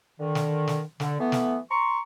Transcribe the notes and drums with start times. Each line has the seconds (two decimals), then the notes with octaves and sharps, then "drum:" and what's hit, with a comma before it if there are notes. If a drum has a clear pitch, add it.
0.19 D3 D#3
0.35 drum: snare
0.67 drum: snare
1.00 D3, drum: snare
1.20 E3 A3 B3
1.32 drum: snare
1.70 A#5 C6 C#6